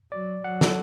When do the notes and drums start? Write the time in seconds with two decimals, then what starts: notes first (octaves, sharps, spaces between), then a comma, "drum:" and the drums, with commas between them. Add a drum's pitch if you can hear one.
0.12 F#3 D5
0.44 F#3 F#5
0.61 A4, drum: snare